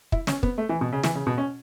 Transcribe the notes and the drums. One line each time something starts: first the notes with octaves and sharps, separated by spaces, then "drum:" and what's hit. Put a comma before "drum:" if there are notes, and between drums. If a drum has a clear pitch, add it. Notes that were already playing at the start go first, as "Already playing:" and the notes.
E4, drum: kick
C#4, drum: snare
B3, drum: kick
A3
E3
B2
C#3
E3, drum: snare
C#3
B2
C#4